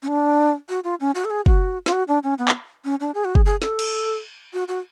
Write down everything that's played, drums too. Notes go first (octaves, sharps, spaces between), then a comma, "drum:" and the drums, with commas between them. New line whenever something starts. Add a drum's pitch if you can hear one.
C#4
D4
F#4
F4
C#4
F#4
A4
G#4
F#4, drum: kick
F4, drum: snare
F#4
D4
C#4
B3
drum: clap
C#4
D4
G#4
F#4
G#4, drum: kick
G#4
A4, drum: snare
drum: cymbal
F#4
F#4